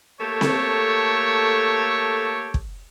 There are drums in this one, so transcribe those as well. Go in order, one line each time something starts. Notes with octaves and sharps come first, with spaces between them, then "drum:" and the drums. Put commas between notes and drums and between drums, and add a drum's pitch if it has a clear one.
A3 A#3 G4 A4 C#5
drum: snare C4
drum: kick